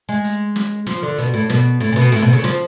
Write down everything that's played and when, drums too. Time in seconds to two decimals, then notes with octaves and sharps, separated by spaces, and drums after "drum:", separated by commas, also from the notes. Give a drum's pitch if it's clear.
0.09 G#3
0.24 drum: hi-hat
0.56 drum: snare
0.87 F3, drum: snare
1.03 D3
1.18 B2, drum: hi-hat
1.34 A2
1.50 B2, drum: snare
1.80 A2, drum: hi-hat
1.92 C#3
1.96 B2
2.12 A2, drum: hi-hat
2.22 B2
2.33 C#3
2.44 F3, drum: snare